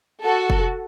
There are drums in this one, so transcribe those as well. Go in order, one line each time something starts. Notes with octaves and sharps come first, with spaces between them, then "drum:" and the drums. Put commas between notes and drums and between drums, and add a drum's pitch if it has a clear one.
F#4 A4
drum: kick